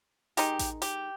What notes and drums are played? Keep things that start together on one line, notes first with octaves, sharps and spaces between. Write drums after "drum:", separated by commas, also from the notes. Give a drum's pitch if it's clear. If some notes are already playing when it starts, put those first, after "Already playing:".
D#3 G#3 D#4 G4, drum: hi-hat
drum: kick A1, hi-hat
G4, drum: hi-hat